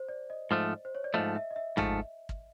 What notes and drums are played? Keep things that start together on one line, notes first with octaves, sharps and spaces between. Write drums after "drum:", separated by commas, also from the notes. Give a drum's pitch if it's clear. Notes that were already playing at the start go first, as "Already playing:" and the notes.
Already playing: C5
D5
D#5
G#2 F3 A3
C5
C#5
D5
G#2 F3 A3 D#5
E5
D#5
E5
G#2 F3 A3, drum: tom
drum: kick